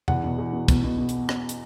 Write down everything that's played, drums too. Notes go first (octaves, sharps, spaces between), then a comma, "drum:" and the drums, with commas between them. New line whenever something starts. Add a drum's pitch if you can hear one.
E2 F#5, drum: tom E2
B2
E2
B2
B2, drum: kick, hi-hat
B2
B2
drum: hi-hat
drum: rim click
drum: hi-hat